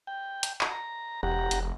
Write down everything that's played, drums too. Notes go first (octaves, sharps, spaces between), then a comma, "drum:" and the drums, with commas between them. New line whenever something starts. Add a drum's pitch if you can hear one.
G5
drum: hi-hat
drum: clap
A#5
E1 G4 F#5 A#5
F1, drum: hi-hat